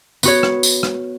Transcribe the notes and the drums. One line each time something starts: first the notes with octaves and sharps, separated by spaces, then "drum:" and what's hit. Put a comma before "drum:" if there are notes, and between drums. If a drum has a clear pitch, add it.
B3 F#4 C#5, drum: tambourine
drum: rim click
drum: tambourine
drum: rim click